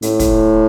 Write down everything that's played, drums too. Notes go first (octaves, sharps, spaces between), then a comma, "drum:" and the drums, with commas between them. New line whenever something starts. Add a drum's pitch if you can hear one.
A2, drum: hi-hat
drum: kick, hi-hat